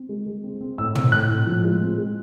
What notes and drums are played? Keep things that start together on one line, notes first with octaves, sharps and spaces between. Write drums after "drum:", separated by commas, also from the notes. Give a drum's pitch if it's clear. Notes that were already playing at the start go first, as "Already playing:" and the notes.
Already playing: C4
G#3
G#3
C4
C4
A2 E6
C4, drum: tom
A2 F#6
A2
F3
G#3
C4
G#3